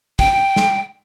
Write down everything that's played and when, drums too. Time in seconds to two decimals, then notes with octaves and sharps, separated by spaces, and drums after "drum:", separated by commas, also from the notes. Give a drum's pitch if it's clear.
0.19 G5, drum: kick
0.56 drum: snare